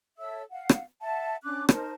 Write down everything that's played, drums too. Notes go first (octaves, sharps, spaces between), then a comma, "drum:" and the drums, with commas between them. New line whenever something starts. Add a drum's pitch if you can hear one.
A4 C#5 E5 E6
F5 F#5
drum: rim click
E5 F#5 A5
C#4 D4 D6 F#6
D#4 A#4 C5 A5, drum: rim click